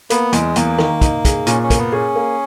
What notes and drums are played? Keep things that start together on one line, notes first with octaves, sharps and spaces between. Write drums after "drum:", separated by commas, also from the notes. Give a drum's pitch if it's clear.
A#3 B3, drum: hi-hat
E2 G#3, drum: hi-hat
E2 A#3, drum: hi-hat
D#3, drum: rim click
D#4, drum: kick, hi-hat
G#4, drum: kick, hi-hat
A#2 C#4, drum: hi-hat
C#4
A#3, drum: kick, hi-hat
B3
C#4 G#4
A#3